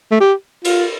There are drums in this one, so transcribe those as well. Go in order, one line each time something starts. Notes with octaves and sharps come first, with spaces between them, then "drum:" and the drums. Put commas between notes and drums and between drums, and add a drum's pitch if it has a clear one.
A3
G4
F4, drum: cymbal